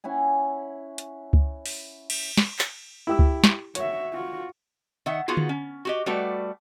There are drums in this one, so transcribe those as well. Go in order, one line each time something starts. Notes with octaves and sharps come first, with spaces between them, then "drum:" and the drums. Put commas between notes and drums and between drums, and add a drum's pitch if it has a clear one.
C#4 E4 F#5 G#5
drum: hi-hat
drum: kick C#2
drum: open hi-hat
drum: cymbal
drum: snare
drum: clap
E4 G4 E6
drum: kick C#2
drum: snare
F#4 C#5 E5, drum: hi-hat
F4 F#4
D#3 E5 F#5
B3 D#4 F4 F#4 G#4
drum: tom D3
C#4
F#4 G4 D#5
G3 A3 F#4 B4 D5